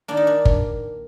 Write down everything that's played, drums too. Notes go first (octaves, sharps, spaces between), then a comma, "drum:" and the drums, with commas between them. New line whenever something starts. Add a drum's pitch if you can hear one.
D#3 A#3 D4
D#4
D4
drum: kick G1